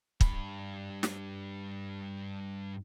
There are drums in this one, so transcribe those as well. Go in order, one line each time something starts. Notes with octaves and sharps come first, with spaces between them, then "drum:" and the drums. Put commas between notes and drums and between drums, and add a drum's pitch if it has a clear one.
G2 B5, drum: kick
drum: snare